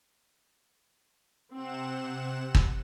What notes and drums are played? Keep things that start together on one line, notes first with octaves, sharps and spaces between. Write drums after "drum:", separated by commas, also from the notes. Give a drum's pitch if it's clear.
C3 C4 F#5 E7
drum: kick